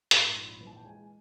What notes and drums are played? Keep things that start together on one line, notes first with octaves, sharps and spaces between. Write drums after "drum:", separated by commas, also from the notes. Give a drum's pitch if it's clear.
G#2 C6, drum: hi-hat
C6
A#1
B5
E3
A5
G5
G#3 G#5